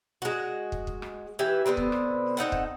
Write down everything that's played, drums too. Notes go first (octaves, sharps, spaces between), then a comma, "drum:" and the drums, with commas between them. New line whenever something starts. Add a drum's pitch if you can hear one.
G#3 F#4
drum: kick
drum: kick
drum: rim click
E3 G4 E5 G#5
B2 D3 B3 C4
drum: kick
drum: rim click
C4 D#4 A4 F#5
drum: kick